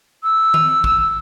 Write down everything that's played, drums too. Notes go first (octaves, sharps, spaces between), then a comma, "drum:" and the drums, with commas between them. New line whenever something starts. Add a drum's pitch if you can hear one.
E6
drum: tom D#3
drum: kick